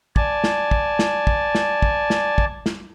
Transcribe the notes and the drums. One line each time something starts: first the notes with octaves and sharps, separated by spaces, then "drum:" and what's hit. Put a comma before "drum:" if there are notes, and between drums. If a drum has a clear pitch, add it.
D5 G#5 A5, drum: kick
drum: snare
drum: kick
drum: snare
drum: kick
drum: snare
drum: kick
drum: snare
drum: kick
drum: snare